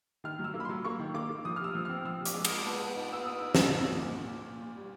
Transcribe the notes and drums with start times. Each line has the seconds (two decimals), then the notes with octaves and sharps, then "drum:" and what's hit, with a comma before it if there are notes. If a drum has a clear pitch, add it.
0.24 D#3 F6
0.39 F#3
0.44 E6
0.54 A#3
0.60 B5
0.65 C6
0.69 F#3
0.84 A#3 C#6
0.99 D#3
1.14 A#3 D6
1.29 A#3
1.45 F3 D#6
1.56 F6
1.60 C3 E6
1.75 F3
1.85 F6
1.89 C4
2.05 F3 E6
2.20 C3
2.26 D6, drum: hi-hat
2.34 G#3
2.45 D#6, drum: cymbal
2.49 G#3
2.65 B3 A5
2.80 B3
2.96 D#4
3.10 B3 E6
3.25 B3 D#6
3.41 D#4
3.55 D#4, drum: snare
3.70 B2
3.86 A#2
4.01 A#2
4.15 A#2
4.30 A#2
4.46 A#2
4.61 A#2
4.75 G3